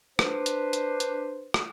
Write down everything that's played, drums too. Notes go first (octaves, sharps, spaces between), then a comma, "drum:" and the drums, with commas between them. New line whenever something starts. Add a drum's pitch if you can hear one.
D4 B4 C5, drum: rim click
drum: hi-hat
drum: hi-hat
drum: hi-hat
drum: rim click